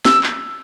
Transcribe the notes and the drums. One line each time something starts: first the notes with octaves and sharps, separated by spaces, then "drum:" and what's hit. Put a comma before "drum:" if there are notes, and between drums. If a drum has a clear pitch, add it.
E6, drum: snare
drum: clap